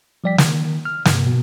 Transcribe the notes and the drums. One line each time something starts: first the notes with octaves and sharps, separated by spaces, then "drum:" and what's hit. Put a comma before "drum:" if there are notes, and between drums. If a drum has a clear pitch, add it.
F3 G3 D5 G5 B6
D#3, drum: snare
F6
G2 C3, drum: snare
B2